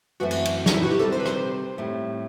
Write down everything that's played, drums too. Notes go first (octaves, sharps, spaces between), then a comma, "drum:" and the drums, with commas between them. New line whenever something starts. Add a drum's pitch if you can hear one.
F#2 E3 A3 C4 F#4
drum: cymbal
drum: cymbal
D#4, drum: snare
E4
F#4
G4
C3 D#3 G3 A4
C5
B4
C5, drum: rim click
A2 G3 C4